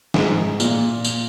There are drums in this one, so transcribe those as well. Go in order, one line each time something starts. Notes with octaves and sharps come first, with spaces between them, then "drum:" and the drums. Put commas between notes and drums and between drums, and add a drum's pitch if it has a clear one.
G#2, drum: snare
A#2, drum: tambourine
drum: tambourine